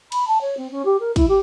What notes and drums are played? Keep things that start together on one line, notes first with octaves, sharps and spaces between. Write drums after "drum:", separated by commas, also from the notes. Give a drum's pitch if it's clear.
B5, drum: cymbal
A5
C#5
C4
C#4
G4
A#4
E4, drum: kick, cymbal
G4